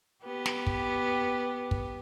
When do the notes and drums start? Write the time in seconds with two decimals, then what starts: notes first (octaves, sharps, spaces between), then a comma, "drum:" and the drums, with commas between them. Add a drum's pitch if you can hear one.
0.25 B3 G4
0.46 drum: snare
0.67 drum: kick
1.71 drum: kick